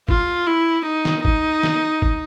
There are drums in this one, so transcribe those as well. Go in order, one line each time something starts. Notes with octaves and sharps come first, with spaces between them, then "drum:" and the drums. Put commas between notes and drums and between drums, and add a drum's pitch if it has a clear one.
F4, drum: kick
E4
D#4
drum: snare
D#4, drum: kick
drum: snare
drum: kick